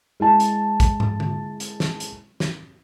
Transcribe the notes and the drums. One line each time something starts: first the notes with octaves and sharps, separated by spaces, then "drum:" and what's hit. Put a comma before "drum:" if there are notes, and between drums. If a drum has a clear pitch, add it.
G#3 E4 A5
drum: hi-hat
drum: kick, hi-hat
drum: tom
drum: tom D3
drum: hi-hat
drum: snare
drum: hi-hat
drum: snare